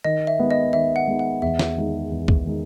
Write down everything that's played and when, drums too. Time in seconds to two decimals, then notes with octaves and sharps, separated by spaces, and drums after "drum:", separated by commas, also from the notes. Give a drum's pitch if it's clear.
0.04 D#3 D#5
0.27 E5
0.39 G#3 B3 D#4 G#4
0.51 D#5
0.73 D#3 E5
0.96 F#5
1.07 G#3 B3 D#4 G#4
1.19 F#5
1.42 E2 E5
1.59 drum: snare
1.76 D#3 G#3 D#4
2.12 E2
2.28 drum: kick C2
2.45 D#3 G#3 D#4